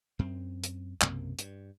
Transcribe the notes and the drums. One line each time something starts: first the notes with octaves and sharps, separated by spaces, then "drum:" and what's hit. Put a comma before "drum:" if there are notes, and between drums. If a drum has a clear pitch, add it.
F#2 C4
drum: hi-hat
B1 F#2 C3 A#3, drum: clap
G2, drum: hi-hat